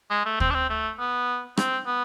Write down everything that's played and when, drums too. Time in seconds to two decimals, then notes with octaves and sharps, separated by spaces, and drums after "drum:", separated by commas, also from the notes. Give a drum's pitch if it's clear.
0.10 G#3
0.25 A3
0.40 C4, drum: kick
0.50 D4
0.54 C4
0.69 A3
0.99 B3
1.57 C4, drum: rim click
1.86 B3